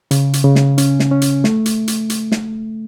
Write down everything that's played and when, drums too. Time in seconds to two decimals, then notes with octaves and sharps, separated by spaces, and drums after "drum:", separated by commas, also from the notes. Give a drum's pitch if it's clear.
0.11 C#3, drum: hi-hat
0.33 drum: hi-hat
0.44 C#3
0.55 drum: snare
0.78 C#4, drum: hi-hat
0.99 drum: snare
1.11 C#4
1.22 drum: hi-hat
1.44 A3, drum: snare
1.66 drum: hi-hat
1.88 drum: hi-hat
2.10 drum: hi-hat
2.32 drum: snare